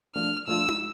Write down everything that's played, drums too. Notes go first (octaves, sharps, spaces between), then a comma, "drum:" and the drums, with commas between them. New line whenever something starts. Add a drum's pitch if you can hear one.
F3 A3 D4 F4 F6
F3 A3 D4 F4 E6
drum: tom D#4